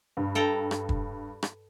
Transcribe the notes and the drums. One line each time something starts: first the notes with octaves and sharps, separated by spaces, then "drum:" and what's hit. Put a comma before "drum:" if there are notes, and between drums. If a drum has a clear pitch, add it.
G2
A4 G5 A#5
drum: rim click
drum: kick
drum: rim click